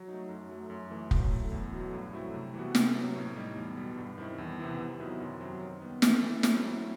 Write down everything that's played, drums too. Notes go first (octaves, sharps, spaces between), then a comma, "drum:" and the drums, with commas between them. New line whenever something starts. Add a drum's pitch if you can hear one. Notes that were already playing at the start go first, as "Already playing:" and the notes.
Already playing: F#3
A3 D#4
F#2
F#3 A3
F#2
E3 A3 E4
F#3, drum: kick
A3 E4
E2
B2 F#3 A3
G2
F#3 A3 C4 E4
C3
E3 G3 B3 F#4
C3, drum: snare
F#3 B3
A2
G3 D#4
E2
B2 G3
G2
D#3 G3 C4 E4
E2
C3 E3 B3 E4
C3
D#3 F#3 B3 E4
F#2
F#3 C4
D#3
G3 B3
E3, drum: snare
A3 E4 A4
F#3, drum: snare
A3 C4 E4